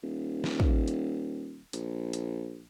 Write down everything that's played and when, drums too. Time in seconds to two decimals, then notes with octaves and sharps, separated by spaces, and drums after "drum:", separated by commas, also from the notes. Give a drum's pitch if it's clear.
0.03 D#1
0.44 drum: snare
0.60 drum: kick
0.88 drum: hi-hat
1.73 A#1, drum: hi-hat
2.13 drum: hi-hat